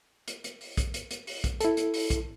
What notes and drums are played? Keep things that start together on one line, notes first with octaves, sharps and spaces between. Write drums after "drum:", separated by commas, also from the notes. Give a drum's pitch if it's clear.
drum: hi-hat
drum: hi-hat
drum: open hi-hat
drum: kick, hi-hat
drum: hi-hat
drum: hi-hat
drum: open hi-hat
drum: kick, hi-hat
E4 A4, drum: hi-hat
drum: hi-hat
drum: open hi-hat
drum: kick, hi-hat